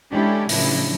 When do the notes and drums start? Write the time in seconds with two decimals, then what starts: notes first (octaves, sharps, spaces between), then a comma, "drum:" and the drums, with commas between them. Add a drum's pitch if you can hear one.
0.11 G#3 C#4 D4 E4 G4 A4
0.49 A2 C#3 F3 F#3 D4 E4, drum: open hi-hat